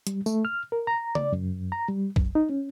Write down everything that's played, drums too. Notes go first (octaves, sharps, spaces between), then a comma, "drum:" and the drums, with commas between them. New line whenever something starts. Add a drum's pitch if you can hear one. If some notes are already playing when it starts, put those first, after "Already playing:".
G3, drum: hi-hat
A3, drum: tambourine
F6
A#4
A#5
D5, drum: tom C#3
F#2
A#5
G3
F#2, drum: kick A#1
D#4
C#4